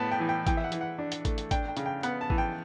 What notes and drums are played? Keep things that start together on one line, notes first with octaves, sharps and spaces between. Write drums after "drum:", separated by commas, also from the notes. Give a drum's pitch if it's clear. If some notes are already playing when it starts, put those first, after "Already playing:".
Already playing: A2 B3 A5
G5
E3
G5
E3 G5, drum: kick G#1, hi-hat
E5
F#5
E3, drum: hi-hat
F#5
D4
drum: hi-hat
A3, drum: kick G#1, hi-hat
drum: hi-hat
D4 G5, drum: kick G#1, hi-hat
G5
C#3, drum: hi-hat
G5
B3 F#5, drum: hi-hat
A5
E3, drum: kick G#1
G5